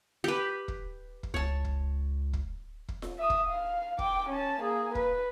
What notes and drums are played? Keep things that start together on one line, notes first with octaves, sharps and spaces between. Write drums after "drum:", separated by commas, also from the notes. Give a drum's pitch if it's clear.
G4 B4
drum: kick
drum: kick
C#2 C#5 A5
drum: kick
drum: kick
drum: kick
drum: snare F4
E5 D#6
drum: kick
F5
G5 D6, drum: kick
C#4 A5
A#3 G#4
B4, drum: kick